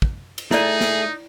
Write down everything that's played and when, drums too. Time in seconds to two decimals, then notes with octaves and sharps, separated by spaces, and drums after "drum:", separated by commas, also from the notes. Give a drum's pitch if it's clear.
0.02 drum: kick
0.38 drum: cymbal
0.51 A3 D#4 E4 G#4 D5, drum: snare
0.81 drum: snare